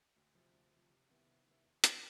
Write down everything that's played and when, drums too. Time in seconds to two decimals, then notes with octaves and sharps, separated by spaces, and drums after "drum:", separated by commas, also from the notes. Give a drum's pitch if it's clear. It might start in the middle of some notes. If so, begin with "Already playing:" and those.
0.16 D2
0.35 C3 F3
0.53 D2
0.71 C3 F3
0.90 C3
1.09 D#3 G3 B3 E4
1.27 C3
1.47 D#3 G3 B3 E4
1.64 D#2
1.84 D3 G3, drum: hi-hat